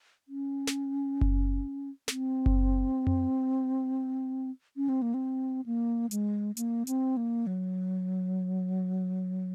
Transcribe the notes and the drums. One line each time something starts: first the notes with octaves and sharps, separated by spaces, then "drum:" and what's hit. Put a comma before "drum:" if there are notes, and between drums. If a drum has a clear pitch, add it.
C#4
drum: snare
drum: kick F#1
C4, drum: snare
drum: kick F#1
drum: tom F2
C#4
C4
A#3
C4
A#3
G#3, drum: hi-hat
A#3, drum: hi-hat
C4, drum: hi-hat
A#3
F#3